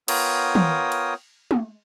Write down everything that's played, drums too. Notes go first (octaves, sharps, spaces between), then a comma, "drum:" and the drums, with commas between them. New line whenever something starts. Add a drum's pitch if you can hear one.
B3 F4 A#4 C#5 G5 D#6, drum: cymbal
drum: tom
drum: cymbal
drum: tom